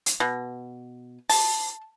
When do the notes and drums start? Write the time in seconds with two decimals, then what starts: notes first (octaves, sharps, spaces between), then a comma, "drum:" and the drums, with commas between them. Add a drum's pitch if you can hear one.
0.06 drum: hi-hat
0.20 B2
1.30 A5, drum: open hi-hat